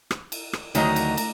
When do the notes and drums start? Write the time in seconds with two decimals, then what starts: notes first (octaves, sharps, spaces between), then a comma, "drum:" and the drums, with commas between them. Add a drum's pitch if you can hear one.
0.11 drum: rim click
0.32 drum: cymbal
0.53 drum: rim click
0.75 D2 D#3 F#3 D#5 A#5, drum: cymbal
0.96 drum: cymbal
1.18 drum: cymbal